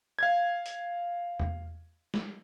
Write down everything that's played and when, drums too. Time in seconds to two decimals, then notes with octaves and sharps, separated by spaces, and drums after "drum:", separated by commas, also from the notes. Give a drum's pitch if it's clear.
0.19 F5 G#6
0.66 drum: hi-hat
1.39 drum: tom E2
2.14 drum: snare